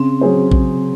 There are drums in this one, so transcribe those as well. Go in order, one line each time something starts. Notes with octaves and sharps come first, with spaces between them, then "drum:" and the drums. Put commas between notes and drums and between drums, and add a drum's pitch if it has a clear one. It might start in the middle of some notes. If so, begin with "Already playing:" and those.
Already playing: C#3 C4
F#3 C#4 G#4 C5
C#3, drum: kick A#1